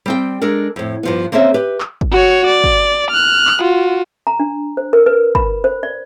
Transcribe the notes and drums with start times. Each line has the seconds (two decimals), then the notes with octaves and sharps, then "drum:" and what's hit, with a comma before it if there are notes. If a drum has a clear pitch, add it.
0.06 G3 C4 G5
0.41 G#3 D4 A4 A#4
0.76 F2 A2
1.03 G2 F3 B3
1.32 A#3 C4 C#4 A4 E5
1.54 G4 B4
1.80 drum: clap
2.01 drum: kick
2.12 F#4 C#5
2.47 D5
2.64 drum: kick
3.11 F6 F#6
3.47 drum: clap
3.62 F4 F#4
4.27 A#5
4.40 D4
4.77 C5
4.93 A#4
5.06 B4
5.35 B5, drum: kick
5.64 C5
5.83 D5